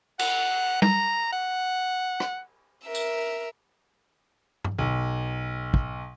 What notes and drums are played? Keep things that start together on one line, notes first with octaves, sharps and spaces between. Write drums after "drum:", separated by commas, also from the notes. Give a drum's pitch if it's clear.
F#5, drum: cymbal
A#5, drum: tom
F#5
drum: rim click
A#4 E5
drum: tambourine
drum: tom G2
B1
drum: kick